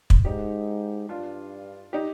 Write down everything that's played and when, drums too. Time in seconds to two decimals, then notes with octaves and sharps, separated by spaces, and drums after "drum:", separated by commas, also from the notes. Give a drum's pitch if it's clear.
0.10 drum: kick
0.25 G#2 D#4 G4
1.09 G2 D4 F4
1.93 D#4 G4